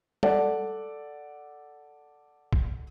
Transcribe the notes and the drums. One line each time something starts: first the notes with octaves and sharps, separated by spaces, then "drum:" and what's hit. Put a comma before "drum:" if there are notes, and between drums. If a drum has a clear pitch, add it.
A4 D5 F#5, drum: tom
drum: kick